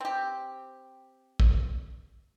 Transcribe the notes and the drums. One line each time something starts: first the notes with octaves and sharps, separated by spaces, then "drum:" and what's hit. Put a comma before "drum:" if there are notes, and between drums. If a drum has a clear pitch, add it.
C4 G4
drum: kick